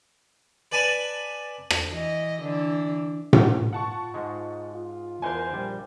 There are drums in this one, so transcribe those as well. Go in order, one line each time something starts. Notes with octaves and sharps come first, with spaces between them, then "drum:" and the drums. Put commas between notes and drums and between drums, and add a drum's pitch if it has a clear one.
B4 D5 G#5 A5 B5
drum: rim click
E3 D#5
D3 E3 D4
drum: tom A2
F4
F#5 A5 C#6
G#2 G#3 D#4
F4
E2 A#4 C5 F#5 G#5
A#1 G3